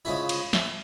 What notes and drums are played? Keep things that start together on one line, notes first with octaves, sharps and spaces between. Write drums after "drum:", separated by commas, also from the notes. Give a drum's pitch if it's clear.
C#3 F3 G#3 C#4 E4 E5
drum: cymbal
E5, drum: snare